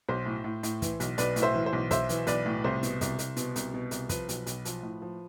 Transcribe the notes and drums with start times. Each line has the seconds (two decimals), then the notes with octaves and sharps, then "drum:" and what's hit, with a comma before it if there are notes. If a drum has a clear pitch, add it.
0.09 B1 C5
0.26 A2
0.44 A2
0.63 A2, drum: hi-hat
0.82 E3, drum: kick, hi-hat
1.00 B1, drum: hi-hat
1.18 B1 B4 D5, drum: hi-hat
1.36 A2, drum: hi-hat
1.42 C5 E5
1.54 E3
1.66 C5
1.73 B1
1.91 B1 C5 E5, drum: kick, hi-hat
2.09 E3, drum: hi-hat
2.27 B1 B4 D5, drum: hi-hat
2.46 A2
2.64 C2 C5
2.83 B2, drum: hi-hat
3.01 C2, drum: kick, hi-hat
3.19 C2, drum: hi-hat
3.37 B2, drum: hi-hat
3.56 C2, drum: hi-hat
3.74 B2
3.91 C2, drum: hi-hat
4.09 F3 B4, drum: kick, hi-hat
4.29 B1, drum: hi-hat
4.47 B1, drum: hi-hat
4.65 F3, drum: hi-hat
4.83 A2
5.02 F3